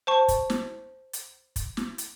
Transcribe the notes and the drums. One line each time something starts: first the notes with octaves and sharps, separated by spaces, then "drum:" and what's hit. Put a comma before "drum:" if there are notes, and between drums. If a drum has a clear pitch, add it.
C5 A5 C#6
drum: kick, hi-hat
drum: snare
drum: hi-hat
drum: kick, hi-hat
drum: snare
drum: hi-hat